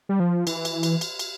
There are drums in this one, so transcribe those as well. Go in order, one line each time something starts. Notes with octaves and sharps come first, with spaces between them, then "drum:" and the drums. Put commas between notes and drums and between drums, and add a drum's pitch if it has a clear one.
G3
F3
E3, drum: cymbal
drum: cymbal
drum: cymbal
drum: cymbal
drum: cymbal